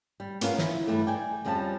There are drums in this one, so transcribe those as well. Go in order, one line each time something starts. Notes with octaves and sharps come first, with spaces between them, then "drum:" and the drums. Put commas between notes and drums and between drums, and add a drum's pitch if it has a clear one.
G3
B3 C#4 F4 A#4, drum: hi-hat
E4, drum: snare
G2 E3 G3 A3
D5 G5 G#5
F2 F3 G3 C#4 G5 A5